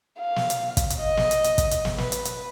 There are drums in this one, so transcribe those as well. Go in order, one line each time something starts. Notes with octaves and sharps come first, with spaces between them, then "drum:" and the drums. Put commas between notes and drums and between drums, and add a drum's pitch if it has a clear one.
F5
drum: snare
drum: hi-hat
drum: kick, hi-hat
drum: hi-hat
D#5
drum: snare
drum: hi-hat
drum: hi-hat
drum: kick, hi-hat
drum: hi-hat
drum: snare
B4, drum: snare
drum: hi-hat
drum: hi-hat